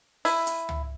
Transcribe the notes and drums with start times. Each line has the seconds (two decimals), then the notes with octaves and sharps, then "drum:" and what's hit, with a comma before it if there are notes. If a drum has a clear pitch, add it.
0.25 E4, drum: open hi-hat
0.47 drum: hi-hat
0.69 drum: tom